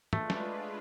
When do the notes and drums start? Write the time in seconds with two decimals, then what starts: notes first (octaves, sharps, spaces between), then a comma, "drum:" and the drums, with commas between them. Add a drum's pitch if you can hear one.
0.13 G#3 A3 D4 F4 B4, drum: tom
0.30 drum: snare